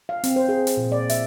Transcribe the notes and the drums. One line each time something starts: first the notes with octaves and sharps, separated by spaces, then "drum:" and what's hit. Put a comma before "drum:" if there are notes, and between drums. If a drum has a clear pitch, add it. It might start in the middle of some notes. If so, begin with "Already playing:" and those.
F5
C4, drum: hi-hat
C5
G#4
drum: hi-hat
A#2
D5
E5, drum: hi-hat